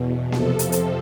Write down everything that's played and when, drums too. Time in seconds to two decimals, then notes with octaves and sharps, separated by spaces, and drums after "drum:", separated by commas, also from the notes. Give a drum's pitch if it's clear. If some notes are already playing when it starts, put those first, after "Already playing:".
Already playing: E2 B2
0.32 F2 C3 F3 A4, drum: snare A#3
0.59 drum: hi-hat
0.72 drum: hi-hat